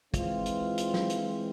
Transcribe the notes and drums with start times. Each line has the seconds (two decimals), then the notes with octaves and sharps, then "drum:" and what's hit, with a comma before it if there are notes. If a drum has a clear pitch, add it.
0.14 E3 G#3 C4 F4, drum: kick, hi-hat
0.46 drum: hi-hat
0.78 drum: hi-hat
0.94 drum: snare
1.10 drum: hi-hat